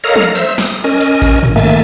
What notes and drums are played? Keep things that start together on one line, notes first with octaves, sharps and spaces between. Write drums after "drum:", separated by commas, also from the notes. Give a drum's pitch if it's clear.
A4 A#4 C#5 D#5 F5 A#5
drum: tom
C5 E5 E6, drum: hi-hat
D#6, drum: snare
C#4 A#4 D#5 G#5
drum: hi-hat
drum: kick A1, hi-hat
drum: tom
D#3 A3 A#3 E5 G#5 A6